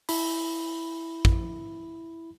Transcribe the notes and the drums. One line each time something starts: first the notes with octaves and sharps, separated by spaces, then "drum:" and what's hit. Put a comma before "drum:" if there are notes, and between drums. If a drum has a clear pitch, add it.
E4 B5, drum: open hi-hat
drum: kick